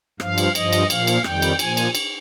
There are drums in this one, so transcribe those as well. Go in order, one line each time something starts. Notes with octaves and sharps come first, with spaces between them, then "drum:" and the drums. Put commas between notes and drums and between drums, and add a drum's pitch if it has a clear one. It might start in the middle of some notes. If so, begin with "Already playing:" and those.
G2 F3 F5, drum: rim click
drum: cymbal
G2 F3 D#5, drum: cymbal
drum: cymbal
A#2 F3 F5, drum: cymbal
drum: cymbal
F2 D#3 G3 G5, drum: rim click
drum: cymbal
A#2 F3 G#5, drum: cymbal
drum: cymbal
drum: cymbal